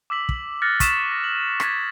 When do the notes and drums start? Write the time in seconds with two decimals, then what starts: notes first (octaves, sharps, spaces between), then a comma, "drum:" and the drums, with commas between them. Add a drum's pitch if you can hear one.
0.10 D6 E6 B6 F#7
0.29 drum: kick
0.62 F6 F#6 A6 A#6 C#7
0.80 C#6 D#6 B6 D#7 E7, drum: kick, hi-hat
1.12 A#6
1.24 F#7
1.60 G#6 A6 B6 E7, drum: rim click